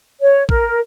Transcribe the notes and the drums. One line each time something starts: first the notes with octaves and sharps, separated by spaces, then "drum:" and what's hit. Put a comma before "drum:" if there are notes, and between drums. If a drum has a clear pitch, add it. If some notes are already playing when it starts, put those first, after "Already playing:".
C#5
A#4, drum: kick